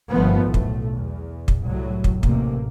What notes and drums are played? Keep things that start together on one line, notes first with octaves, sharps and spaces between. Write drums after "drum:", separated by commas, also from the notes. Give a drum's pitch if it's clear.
G1 G2 D#3 F3 A3 B3
B1 A2 A3
drum: kick
E2
drum: kick
C2 A2 F#3
drum: kick
A1 C3 A#3, drum: kick